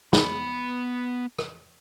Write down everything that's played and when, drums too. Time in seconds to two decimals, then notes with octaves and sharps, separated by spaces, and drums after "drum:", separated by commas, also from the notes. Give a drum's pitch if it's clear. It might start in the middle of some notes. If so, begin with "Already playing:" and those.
0.13 B3 B5, drum: snare
1.38 drum: rim click